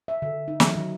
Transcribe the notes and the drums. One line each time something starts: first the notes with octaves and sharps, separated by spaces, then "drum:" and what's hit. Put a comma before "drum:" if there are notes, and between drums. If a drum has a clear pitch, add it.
E5
D3
D#4
F#3, drum: snare
D#3